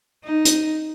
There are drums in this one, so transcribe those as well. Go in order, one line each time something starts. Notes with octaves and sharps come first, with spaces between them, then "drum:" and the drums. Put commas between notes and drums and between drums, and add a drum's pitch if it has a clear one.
D#4
drum: hi-hat